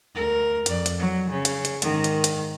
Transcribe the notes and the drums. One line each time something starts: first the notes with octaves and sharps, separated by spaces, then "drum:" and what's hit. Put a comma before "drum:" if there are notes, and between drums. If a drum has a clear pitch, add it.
D2 A#4
F2 D5, drum: hi-hat
drum: hi-hat
F#3
C#3
drum: hi-hat
drum: hi-hat
G#2 D#3, drum: hi-hat
drum: hi-hat
drum: hi-hat